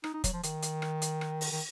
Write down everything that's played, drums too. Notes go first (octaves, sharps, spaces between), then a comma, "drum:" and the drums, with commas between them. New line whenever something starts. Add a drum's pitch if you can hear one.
D#4, drum: rim click
D#4
F#3, drum: kick, hi-hat
F3
D#3, drum: hi-hat
drum: hi-hat
drum: rim click
drum: hi-hat
drum: rim click
drum: open hi-hat
D#3